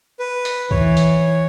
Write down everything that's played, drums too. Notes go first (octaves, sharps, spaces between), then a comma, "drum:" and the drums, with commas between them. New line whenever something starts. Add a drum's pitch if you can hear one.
B4
drum: hi-hat
E3 C#5, drum: kick C#2
drum: hi-hat